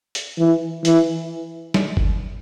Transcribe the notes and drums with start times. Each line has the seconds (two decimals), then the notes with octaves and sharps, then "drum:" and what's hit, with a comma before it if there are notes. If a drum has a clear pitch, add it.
0.15 drum: hi-hat
0.39 E3
0.85 E3, drum: hi-hat
1.74 drum: snare
1.97 drum: kick G1